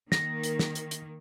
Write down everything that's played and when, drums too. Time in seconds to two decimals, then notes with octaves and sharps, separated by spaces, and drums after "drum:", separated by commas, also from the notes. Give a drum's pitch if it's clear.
0.12 D#3 A#3 A#6, drum: snare
0.44 drum: hi-hat
0.59 drum: snare
0.75 drum: hi-hat
0.91 drum: hi-hat